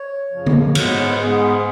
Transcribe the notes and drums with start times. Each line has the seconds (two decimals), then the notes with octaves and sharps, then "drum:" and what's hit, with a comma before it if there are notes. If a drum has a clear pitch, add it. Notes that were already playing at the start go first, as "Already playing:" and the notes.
Already playing: C#5
0.33 F#2 C#3 F3
0.46 drum: tom
0.75 G#2 G#3 B3 C#5, drum: cymbal
0.86 C#5
0.97 C#5
1.08 B4
1.18 G#2 G#3 B3 G#4